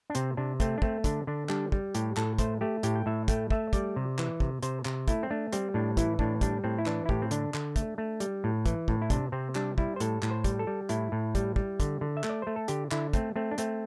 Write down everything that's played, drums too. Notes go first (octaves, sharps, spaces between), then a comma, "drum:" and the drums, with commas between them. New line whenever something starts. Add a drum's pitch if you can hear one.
D4
C3 C4, drum: hi-hat
C3 D4
A3 C4, drum: kick, hi-hat
D4
A3 C4, drum: kick
D3 D4, drum: kick, hi-hat
D3 D4
G3 D4, drum: clap
G3, drum: kick
A2 G4, drum: hi-hat
A2 A4, drum: clap
A3 C5, drum: kick, hi-hat
A3 G4
A2 G4, drum: hi-hat
G5
A2 E5
A3 G5, drum: kick, hi-hat
A3 E5, drum: kick
G3 D5, drum: kick, hi-hat
C3
E3, drum: clap
C3, drum: kick
C3 C5, drum: hi-hat
C3, drum: clap
A3 E4, drum: kick, hi-hat
C4
A3 D4
G3 C4, drum: hi-hat
A2 D4
E3 E4, drum: kick, hi-hat
A2 D4, drum: kick
G3 D4, drum: kick, hi-hat
A2 C4
E4
E3 D4, drum: clap
E4
A2 G4, drum: kick
C4
D3 D4, drum: hi-hat
D3, drum: clap
A3, drum: kick, hi-hat
A3
G3, drum: hi-hat
A2
E3, drum: kick, hi-hat
A2, drum: kick
E4
C3 D4, drum: kick, hi-hat
C3 C4
G3 D4, drum: clap
G3 E4, drum: kick
C5
A2 A4, drum: hi-hat
A2, drum: clap
C5
G3, drum: kick, hi-hat
A4
G3
A2 E4, drum: hi-hat
A2
G3, drum: kick, hi-hat
G3, drum: kick
D3, drum: kick, hi-hat
D3
E5
A3, drum: clap
D5
A3 C5
A4
D3 G4, drum: hi-hat
D3 E4, drum: clap
A3 C4, drum: kick, hi-hat
A3 C4
D4
A3 C4, drum: hi-hat